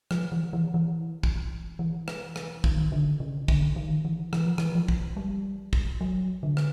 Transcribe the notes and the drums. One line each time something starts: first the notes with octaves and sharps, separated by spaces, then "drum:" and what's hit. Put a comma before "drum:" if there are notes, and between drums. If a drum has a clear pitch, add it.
F3, drum: rim click
E3
E3
E3
drum: kick
E3
drum: rim click
drum: rim click
D#3, drum: kick
D3
C#3
D3, drum: kick
D#3
E3
E3, drum: rim click
F3
E3, drum: rim click
F3
drum: kick
G3
drum: kick
F#3
D3
drum: rim click